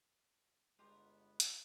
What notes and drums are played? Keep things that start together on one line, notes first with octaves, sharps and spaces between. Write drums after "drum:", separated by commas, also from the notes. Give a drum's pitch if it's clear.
G1 G#3 B3 F4 G4 A#4
drum: hi-hat